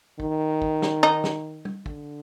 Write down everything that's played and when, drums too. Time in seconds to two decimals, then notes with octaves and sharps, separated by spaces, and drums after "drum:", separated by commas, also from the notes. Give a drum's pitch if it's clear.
0.20 D#3, drum: kick
0.62 drum: kick
0.82 drum: snare
1.03 D#4
1.24 drum: snare
1.65 drum: tom
1.86 D3, drum: kick